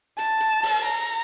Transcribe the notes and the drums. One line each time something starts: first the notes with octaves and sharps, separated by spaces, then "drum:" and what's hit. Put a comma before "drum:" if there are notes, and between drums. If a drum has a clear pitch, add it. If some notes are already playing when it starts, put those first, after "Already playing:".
A5, drum: hi-hat
drum: hi-hat
drum: open hi-hat
A#5